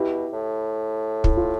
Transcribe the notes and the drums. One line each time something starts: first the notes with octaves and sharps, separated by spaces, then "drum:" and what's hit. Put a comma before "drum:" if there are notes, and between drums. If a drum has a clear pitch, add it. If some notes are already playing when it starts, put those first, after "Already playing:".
Already playing: B2 E4 G4
A2
E4, drum: kick
F4